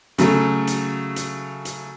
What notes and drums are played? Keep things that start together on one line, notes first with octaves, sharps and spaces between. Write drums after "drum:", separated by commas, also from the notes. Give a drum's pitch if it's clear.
C#3 F#3 A3, drum: hi-hat
drum: hi-hat
drum: hi-hat
drum: hi-hat